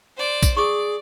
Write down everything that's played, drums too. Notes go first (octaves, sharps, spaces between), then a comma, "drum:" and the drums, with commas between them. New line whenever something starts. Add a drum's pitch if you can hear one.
C5 D5
drum: kick, tambourine
G#4 D5 C#6 D6